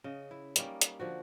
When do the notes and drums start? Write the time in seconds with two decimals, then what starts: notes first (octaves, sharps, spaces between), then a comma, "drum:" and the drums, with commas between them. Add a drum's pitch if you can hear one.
0.04 C#3 D#5
0.31 E4
0.56 G3 A#3 C#4 D#4, drum: hi-hat
0.81 drum: hi-hat
1.00 D3 F3 F#4